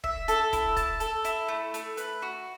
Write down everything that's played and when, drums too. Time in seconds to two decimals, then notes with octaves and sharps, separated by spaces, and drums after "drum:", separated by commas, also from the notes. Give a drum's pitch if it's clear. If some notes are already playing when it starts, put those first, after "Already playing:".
0.04 E5, drum: kick
0.28 A4, drum: hi-hat
0.53 E4, drum: kick, hi-hat
0.77 A5, drum: kick, hi-hat
1.00 A4, drum: hi-hat
1.25 E4, drum: hi-hat
1.49 A3
1.74 A3, drum: hi-hat
1.97 B4, drum: hi-hat
2.22 F#4